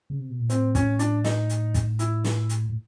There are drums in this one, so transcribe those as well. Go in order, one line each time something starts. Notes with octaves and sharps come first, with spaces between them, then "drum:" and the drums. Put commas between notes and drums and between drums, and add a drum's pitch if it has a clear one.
C#3
C3
B2
A#2
A2 C4, drum: hi-hat
C#4, drum: kick, hi-hat
D4, drum: hi-hat
D#4, drum: snare
drum: hi-hat
drum: kick, hi-hat
E4, drum: hi-hat
drum: snare
drum: hi-hat
A2